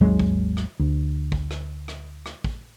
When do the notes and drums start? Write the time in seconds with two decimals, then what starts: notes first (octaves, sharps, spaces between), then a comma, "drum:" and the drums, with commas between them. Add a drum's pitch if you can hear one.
0.01 G#1 D#2 F#3 G#3
0.19 drum: kick
0.57 drum: rim click
0.79 D2
1.32 drum: kick
1.51 drum: rim click
1.88 drum: rim click
2.26 drum: rim click
2.44 drum: kick